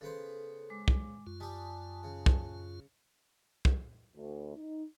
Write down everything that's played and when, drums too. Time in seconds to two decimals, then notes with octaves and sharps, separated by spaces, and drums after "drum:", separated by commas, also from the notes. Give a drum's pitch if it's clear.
0.01 C#3 B3 A4 C5
0.70 G#3 D6
0.88 drum: kick
1.27 F#2 F4
1.40 G3 G4 G#5 A5 D#6
2.03 C#3
2.26 drum: kick
3.65 drum: kick
4.16 D2
4.57 D#4